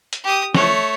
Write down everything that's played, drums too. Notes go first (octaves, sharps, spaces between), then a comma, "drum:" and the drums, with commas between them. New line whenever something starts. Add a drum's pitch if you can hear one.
drum: hi-hat
G4 D#6
A3 C#5, drum: snare